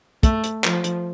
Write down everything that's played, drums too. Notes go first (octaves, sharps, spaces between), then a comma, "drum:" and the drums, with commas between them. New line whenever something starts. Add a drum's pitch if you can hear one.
A3, drum: kick, hi-hat
drum: hi-hat
F3, drum: clap
drum: hi-hat